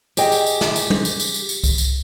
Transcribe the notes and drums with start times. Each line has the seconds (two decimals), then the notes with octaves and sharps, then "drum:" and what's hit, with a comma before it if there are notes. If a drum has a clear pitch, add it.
0.17 G4 G#4 D#5 G5, drum: tambourine
0.32 drum: tambourine
0.46 drum: tambourine
0.61 drum: snare
0.76 drum: tambourine
0.90 drum: tom
1.05 drum: tambourine
1.20 drum: tambourine
1.34 drum: tambourine
1.49 drum: tambourine
1.64 drum: kick C2, tambourine
1.78 drum: tambourine